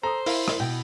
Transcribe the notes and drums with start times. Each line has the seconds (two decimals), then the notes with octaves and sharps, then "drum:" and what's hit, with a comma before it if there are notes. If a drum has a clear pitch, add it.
0.03 A4 C5 A#5 D#6
0.26 E4 A#4 F5, drum: open hi-hat
0.48 drum: rim click
0.60 B2 G5